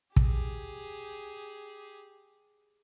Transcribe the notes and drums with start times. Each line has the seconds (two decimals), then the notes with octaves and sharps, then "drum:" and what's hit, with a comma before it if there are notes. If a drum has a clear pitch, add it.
0.16 G4 G#4, drum: kick